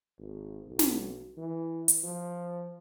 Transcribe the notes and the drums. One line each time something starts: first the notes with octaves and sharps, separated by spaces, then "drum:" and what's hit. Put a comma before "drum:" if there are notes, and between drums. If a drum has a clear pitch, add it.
G#1
B1
drum: snare
E3
drum: hi-hat
F3